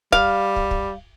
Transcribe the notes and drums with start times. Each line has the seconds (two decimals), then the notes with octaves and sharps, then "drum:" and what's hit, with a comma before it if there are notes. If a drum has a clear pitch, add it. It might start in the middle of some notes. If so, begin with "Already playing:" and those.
0.12 G3 F5, drum: kick
0.56 drum: kick
0.71 drum: kick